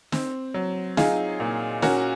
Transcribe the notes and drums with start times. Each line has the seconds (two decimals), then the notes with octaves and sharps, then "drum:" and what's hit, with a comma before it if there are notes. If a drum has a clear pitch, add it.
0.12 C4, drum: snare
0.54 F#3
0.97 D#4 F4 G#4, drum: snare
1.40 A#2
1.82 C#4 F#4 A#4, drum: snare